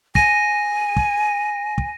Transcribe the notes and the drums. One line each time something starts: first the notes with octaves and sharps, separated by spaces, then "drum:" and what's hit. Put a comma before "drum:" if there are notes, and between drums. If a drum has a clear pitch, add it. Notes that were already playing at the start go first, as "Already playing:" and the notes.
G#5 A#6 D#7, drum: kick
drum: kick
drum: kick